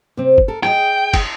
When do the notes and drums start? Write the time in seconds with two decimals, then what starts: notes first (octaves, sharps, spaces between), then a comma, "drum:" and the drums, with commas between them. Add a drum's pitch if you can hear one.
0.17 C3 C4
0.38 drum: kick
0.48 A4 A#4
0.63 G#4 D#5 G5, drum: rim click
1.14 drum: kick, cymbal